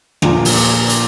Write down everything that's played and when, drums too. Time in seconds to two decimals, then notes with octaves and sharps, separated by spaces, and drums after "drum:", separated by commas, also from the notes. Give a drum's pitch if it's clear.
0.22 A#1 A#2 A#3, drum: rim click
0.45 drum: open hi-hat
0.89 drum: hi-hat